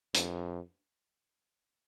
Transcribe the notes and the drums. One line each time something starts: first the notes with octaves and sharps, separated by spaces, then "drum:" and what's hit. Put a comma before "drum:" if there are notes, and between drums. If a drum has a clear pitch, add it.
F2, drum: hi-hat